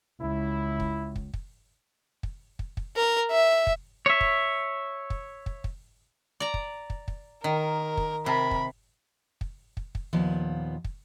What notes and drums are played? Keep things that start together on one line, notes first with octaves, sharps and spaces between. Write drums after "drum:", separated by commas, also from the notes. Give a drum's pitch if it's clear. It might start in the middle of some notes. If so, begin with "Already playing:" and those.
C#2 E4
drum: kick
drum: kick
drum: kick
drum: kick
drum: kick
drum: kick
A#4
E5
drum: kick
C#5 E5
drum: kick
drum: kick
drum: kick
drum: kick
D5 A#5
drum: kick
drum: kick
drum: kick
D#3 A#4
drum: kick
C3 A#4 B5
drum: kick
drum: kick
drum: kick
drum: kick
D#2 A#2 F3 B3
drum: kick